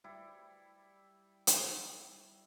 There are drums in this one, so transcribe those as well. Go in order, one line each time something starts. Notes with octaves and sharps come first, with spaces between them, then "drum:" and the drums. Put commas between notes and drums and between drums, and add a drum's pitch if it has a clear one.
G3 E4
drum: hi-hat